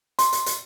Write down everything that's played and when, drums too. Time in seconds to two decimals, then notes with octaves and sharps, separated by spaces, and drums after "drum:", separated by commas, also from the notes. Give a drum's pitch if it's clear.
0.19 C6, drum: hi-hat
0.32 drum: hi-hat
0.46 drum: hi-hat